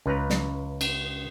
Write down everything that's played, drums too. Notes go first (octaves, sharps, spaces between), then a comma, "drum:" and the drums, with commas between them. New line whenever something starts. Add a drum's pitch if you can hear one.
C#2 B4 A#5
drum: snare
drum: cymbal